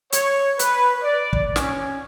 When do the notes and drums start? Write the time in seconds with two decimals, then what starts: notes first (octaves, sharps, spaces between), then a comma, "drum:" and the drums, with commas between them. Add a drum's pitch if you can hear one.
0.12 C#5, drum: hi-hat
0.59 B4, drum: hi-hat
1.03 D5
1.33 drum: kick
1.56 C#4, drum: snare